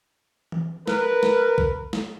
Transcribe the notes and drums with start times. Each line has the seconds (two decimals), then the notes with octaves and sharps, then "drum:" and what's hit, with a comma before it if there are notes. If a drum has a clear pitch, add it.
0.52 drum: tom E3
0.88 A#4 B4, drum: snare
1.23 drum: snare
1.58 drum: kick B1
1.93 drum: snare